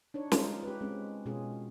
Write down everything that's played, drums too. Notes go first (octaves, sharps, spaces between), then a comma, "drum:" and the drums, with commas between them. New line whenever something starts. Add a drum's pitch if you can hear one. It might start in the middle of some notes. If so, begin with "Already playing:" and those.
D4 D#4 C#5
G#3 D#4 F4, drum: snare
G4 B4
G#3 C4 C#4
B2 G#3 C#4 F4 G#4